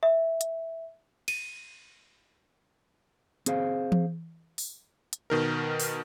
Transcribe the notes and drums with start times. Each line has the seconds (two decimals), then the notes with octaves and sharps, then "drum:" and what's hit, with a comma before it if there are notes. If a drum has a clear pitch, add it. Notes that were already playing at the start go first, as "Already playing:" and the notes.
0.03 E5
0.41 drum: hi-hat
1.28 D#7, drum: cymbal
3.46 C4 G#4 C5 F5, drum: hi-hat
3.92 drum: tom E3
4.58 drum: open hi-hat
5.13 drum: hi-hat
5.30 B2 D#3 A#4
5.80 drum: open hi-hat